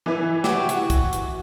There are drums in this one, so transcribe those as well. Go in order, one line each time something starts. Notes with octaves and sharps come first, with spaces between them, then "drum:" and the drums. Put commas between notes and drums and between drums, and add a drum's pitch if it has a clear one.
E3 E4 B4
F#3 F#4 G4, drum: snare
F#4, drum: hi-hat
drum: kick, hi-hat
drum: hi-hat